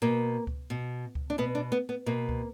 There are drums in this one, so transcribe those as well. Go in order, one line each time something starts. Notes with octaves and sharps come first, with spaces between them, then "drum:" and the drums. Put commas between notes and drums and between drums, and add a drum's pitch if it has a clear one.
B2 A#3
drum: kick C#2
B2
drum: kick C#2
D4
B2 B3
D4
B3
B3
B2 A#3
drum: kick C#2